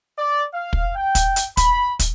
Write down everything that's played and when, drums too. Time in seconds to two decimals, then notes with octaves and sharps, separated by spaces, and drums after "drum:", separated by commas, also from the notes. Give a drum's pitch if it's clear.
0.18 D5
0.53 F5
0.73 drum: kick
0.96 G5
1.15 drum: kick, hi-hat
1.36 drum: hi-hat
1.57 B5, drum: kick, hi-hat
1.99 drum: kick, hi-hat